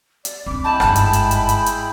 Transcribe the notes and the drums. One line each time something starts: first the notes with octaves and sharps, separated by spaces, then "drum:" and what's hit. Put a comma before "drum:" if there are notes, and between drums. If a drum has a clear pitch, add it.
D5, drum: hi-hat
C4 D4 B5 D6
G#3 E4 G5 A5 B5
G1 G#2 A5, drum: rim click
drum: hi-hat
drum: hi-hat
drum: hi-hat
drum: hi-hat
drum: hi-hat